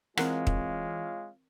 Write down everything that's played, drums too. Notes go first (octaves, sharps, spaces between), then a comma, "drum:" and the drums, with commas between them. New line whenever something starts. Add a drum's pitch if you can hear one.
E3 G#3 C4 F4 A#4 C#5 F5 F#5, drum: rim click
drum: kick